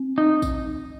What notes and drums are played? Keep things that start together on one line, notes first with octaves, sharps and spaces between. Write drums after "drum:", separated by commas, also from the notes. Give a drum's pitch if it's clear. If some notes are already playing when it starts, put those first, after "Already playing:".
Already playing: C4
D#4
drum: kick A1, tambourine